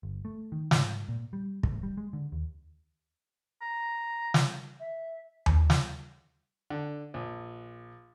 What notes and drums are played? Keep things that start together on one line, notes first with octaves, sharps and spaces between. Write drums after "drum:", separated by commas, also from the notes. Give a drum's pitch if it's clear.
G1
A3
D#3
G#2, drum: snare
A#2
G3
A1, drum: kick
G3
G#3
D3
D#2
A#5
drum: snare
E5
drum: tom D#2
drum: snare
D3
A#1